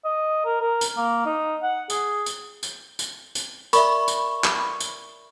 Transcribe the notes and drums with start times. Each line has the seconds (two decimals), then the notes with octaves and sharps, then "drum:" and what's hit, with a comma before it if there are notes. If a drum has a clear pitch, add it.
0.05 D#5
0.45 A#4
0.61 A#4
0.81 drum: tambourine
0.97 A#3
1.26 D#4
1.62 F#5
1.90 G#4, drum: tambourine
2.26 drum: tambourine
2.63 drum: tambourine
2.99 drum: tambourine
3.35 drum: tambourine
3.73 A#4 D5 E5 B5 C#6, drum: tambourine
4.08 drum: tambourine
4.44 drum: clap
4.80 drum: tambourine